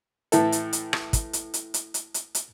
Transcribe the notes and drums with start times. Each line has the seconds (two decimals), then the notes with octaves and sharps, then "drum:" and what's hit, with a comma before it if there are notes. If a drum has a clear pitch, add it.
0.32 A2 E3 E4 A4, drum: hi-hat
0.52 drum: hi-hat
0.73 drum: hi-hat
0.93 drum: rim click
1.13 drum: kick, hi-hat
1.33 drum: hi-hat
1.54 drum: hi-hat
1.74 drum: hi-hat
1.94 drum: hi-hat
2.14 drum: hi-hat
2.35 drum: hi-hat